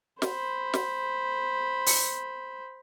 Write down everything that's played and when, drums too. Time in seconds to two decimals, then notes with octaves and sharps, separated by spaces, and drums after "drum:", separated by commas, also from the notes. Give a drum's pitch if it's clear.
0.22 C5 B5, drum: snare
0.74 drum: snare
1.86 drum: open hi-hat